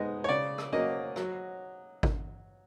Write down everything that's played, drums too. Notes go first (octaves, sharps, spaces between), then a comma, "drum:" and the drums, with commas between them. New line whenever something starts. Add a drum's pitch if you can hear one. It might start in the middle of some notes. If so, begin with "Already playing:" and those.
Already playing: B2 G#3 B3 D#4 D#5
C#5
C#3 D5
drum: rim click
F#3 A#3 C#4 D#5
F#3, drum: rim click
drum: kick G#1